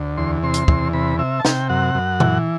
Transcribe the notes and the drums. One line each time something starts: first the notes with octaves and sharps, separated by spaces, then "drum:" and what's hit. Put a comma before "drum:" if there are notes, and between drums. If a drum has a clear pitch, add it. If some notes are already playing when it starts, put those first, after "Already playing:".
Already playing: D2
E2 C6
C3 C6
drum: hi-hat
E2, drum: kick
C3 B5
C3 E5
A5
C3 G5, drum: snare
F#2 F#5
F#2
E3, drum: tom A#2